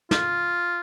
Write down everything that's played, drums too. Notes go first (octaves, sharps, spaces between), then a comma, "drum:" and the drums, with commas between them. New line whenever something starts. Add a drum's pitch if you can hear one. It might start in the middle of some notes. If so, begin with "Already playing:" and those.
F4, drum: snare